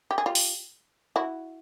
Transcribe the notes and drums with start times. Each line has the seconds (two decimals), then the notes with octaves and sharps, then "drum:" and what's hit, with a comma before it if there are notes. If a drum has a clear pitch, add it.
0.11 G4
0.18 G#4
0.26 F4 G4
0.35 drum: open hi-hat
1.16 E4 F#4